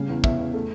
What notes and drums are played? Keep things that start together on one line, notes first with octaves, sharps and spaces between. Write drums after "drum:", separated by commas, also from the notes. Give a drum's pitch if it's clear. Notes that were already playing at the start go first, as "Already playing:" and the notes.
Already playing: C#3 G3 F5
E2
E2 E5, drum: kick
E2
A3